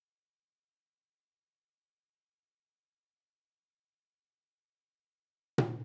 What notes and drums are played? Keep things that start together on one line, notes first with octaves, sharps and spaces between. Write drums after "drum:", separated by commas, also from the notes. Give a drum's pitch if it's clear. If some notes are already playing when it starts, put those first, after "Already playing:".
Already playing: D#2 C#3 F3 F#4
D#2 C#3 F3
G4
D#2 C#3 F3 F#4 G#4
A#4
G4 A4
G#4 A#4
D#2 C#3 F3 A4 B4
A#4 C5
B4 C#5
E5 F#5
A#2 G3 C4 F5
F#5
D#5 F5
A#2 G3 C4
A#2 G3 C4 E5 F#5
A#2 G3 C4
C2 A#2 F#3 A#3 C#4 F5
F#5
D#5 F5
C2 A#2 F#3 A#3 C#4
drum: tom A#2